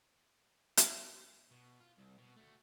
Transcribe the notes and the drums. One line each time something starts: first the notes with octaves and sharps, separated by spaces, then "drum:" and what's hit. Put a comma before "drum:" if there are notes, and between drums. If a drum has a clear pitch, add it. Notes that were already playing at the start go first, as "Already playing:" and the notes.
drum: hi-hat
B2
F4
C2
B2
A3 F#4